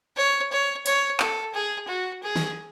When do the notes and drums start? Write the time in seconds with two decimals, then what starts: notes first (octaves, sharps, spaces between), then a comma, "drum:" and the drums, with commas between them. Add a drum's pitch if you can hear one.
0.17 C#5
0.52 C#5
0.86 C#5, drum: hi-hat
1.20 A4, drum: clap
1.54 G#4
1.88 F#4
2.23 G#4
2.36 drum: snare